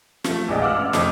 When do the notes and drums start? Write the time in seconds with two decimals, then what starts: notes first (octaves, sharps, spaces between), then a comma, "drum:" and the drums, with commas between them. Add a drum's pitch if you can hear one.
0.24 F3 A3, drum: snare
0.48 A#1 E2 G#3 D5 D#5 G5
0.61 F5 F#5 D6 E6 F6
0.76 A1
0.93 F2 C3 A3 D6, drum: snare